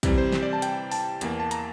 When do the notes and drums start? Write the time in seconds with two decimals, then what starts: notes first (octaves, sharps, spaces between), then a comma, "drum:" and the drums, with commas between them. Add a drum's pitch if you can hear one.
0.03 C3 E3 G3 C4, drum: kick, hi-hat
0.18 C5
0.33 drum: snare
0.43 D5
0.53 A5
0.62 G5, drum: hi-hat
0.91 A5, drum: open hi-hat
1.21 E2 E3 A#3, drum: hi-hat
1.40 A5
1.51 A#5, drum: hi-hat